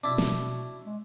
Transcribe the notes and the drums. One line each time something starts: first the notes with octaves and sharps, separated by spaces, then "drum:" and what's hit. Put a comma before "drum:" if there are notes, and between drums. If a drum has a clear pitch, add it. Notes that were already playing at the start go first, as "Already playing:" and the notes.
B2 D4 E4
drum: snare
G#3